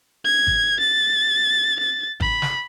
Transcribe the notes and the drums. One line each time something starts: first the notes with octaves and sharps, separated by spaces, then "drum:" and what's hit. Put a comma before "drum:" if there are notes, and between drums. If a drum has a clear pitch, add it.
G#6
drum: kick G#1
A6
A6
B5, drum: kick G#1
drum: snare